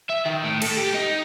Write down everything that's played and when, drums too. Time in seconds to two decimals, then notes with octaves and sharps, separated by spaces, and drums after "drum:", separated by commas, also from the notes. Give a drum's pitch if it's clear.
0.10 E5
0.26 D#3
0.44 A2
0.62 A4, drum: cymbal
0.78 G4
0.94 D#4